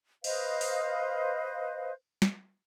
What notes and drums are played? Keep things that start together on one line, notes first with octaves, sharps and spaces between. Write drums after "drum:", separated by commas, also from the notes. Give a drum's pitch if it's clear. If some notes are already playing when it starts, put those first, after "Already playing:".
B4 C5 D#5 F5, drum: cymbal
drum: open hi-hat
drum: snare